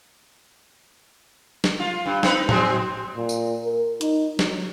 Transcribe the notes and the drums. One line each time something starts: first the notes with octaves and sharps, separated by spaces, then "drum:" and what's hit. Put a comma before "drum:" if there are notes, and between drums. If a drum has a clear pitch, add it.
drum: snare
F4
G2
C4 D#4 B4, drum: snare
F#3 G#3 C4, drum: tom A2
A#2
drum: tambourine
A#4
D#4, drum: hi-hat
F#3, drum: snare